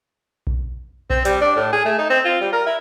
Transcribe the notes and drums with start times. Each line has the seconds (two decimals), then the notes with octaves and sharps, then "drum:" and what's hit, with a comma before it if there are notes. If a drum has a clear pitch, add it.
0.47 drum: kick A#1
1.10 C4, drum: kick A#1
1.25 G3, drum: hi-hat
1.42 D4
1.56 A2
1.73 G#4
1.85 A3
1.99 D#4
2.10 C4
2.25 F4
2.41 G3
2.53 A#4
2.66 E4